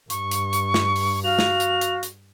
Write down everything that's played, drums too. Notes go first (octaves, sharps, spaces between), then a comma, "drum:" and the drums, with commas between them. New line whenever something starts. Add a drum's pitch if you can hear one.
G2 C#6, drum: hi-hat
drum: hi-hat
drum: hi-hat
drum: snare
drum: open hi-hat
F#4 F5 F7
drum: snare
drum: hi-hat
drum: hi-hat
drum: hi-hat